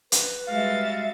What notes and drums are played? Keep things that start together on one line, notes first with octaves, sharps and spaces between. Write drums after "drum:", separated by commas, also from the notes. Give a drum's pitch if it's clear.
B4, drum: hi-hat
G3 G#3 F#4 E5 F5 A6